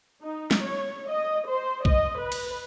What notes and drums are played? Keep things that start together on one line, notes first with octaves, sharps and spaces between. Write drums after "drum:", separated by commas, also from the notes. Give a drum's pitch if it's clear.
D#4
drum: snare
C#5
D#5
C5
D#5, drum: kick B1
B4
drum: cymbal